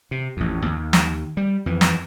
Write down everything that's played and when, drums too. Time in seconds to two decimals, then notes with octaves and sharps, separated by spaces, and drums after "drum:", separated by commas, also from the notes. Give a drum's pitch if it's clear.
0.11 C3
0.37 A1 F2
0.66 D#2
0.93 drum: snare
1.37 G3
1.66 F2 E3
1.81 drum: snare